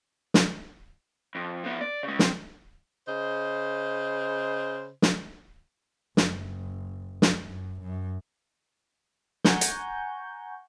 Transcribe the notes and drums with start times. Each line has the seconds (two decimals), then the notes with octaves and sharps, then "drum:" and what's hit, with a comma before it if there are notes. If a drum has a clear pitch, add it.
0.34 drum: snare
1.35 F2
1.64 F3 B3
1.81 D5
2.03 C#3 G#3
2.19 C4, drum: snare
3.07 C#3 C5 D#5
5.02 drum: snare
6.17 F#1, drum: snare
7.22 drum: snare
7.47 F#2
7.81 F#2
9.44 F#5 G#5 A#5 C#6 G6, drum: snare
9.61 drum: hi-hat